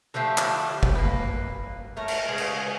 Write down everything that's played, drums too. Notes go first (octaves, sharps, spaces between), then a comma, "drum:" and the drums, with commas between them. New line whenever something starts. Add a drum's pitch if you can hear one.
D3 F3 A3 G4
drum: clap
drum: kick
A#3 B4
A3 C#4 A#4
drum: cymbal
C#3 G#3
drum: cymbal